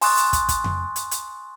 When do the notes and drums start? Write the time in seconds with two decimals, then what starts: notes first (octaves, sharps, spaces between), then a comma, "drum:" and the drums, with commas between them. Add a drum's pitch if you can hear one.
0.01 G#5 C6 C#6 D#6 F#6 A6, drum: open hi-hat
0.17 drum: hi-hat
0.33 drum: kick, hi-hat
0.49 drum: kick, hi-hat
0.64 drum: tom F2
0.96 drum: hi-hat
1.11 drum: hi-hat